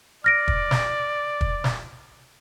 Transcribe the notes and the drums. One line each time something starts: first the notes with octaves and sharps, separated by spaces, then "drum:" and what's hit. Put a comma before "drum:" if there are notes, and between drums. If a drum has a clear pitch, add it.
D5 F6 A#6 D7
drum: kick
drum: snare
drum: kick
drum: snare